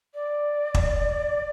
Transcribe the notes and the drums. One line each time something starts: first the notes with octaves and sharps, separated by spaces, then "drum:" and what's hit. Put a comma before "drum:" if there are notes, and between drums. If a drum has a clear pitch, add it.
D5
drum: kick